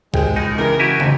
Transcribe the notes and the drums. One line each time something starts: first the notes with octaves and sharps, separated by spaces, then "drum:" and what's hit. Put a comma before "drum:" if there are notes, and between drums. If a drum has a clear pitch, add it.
G#1 G#3 G4, drum: kick
C#2 D#4
C#3 E3 G#3 G4 A#4
E4 F#4 G4 G#5
F2 A#2, drum: tom